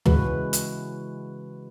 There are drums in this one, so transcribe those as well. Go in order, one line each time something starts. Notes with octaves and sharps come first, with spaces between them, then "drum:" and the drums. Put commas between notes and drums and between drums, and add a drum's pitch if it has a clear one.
C#3 E3 G#3 F#4 B4, drum: tom
drum: hi-hat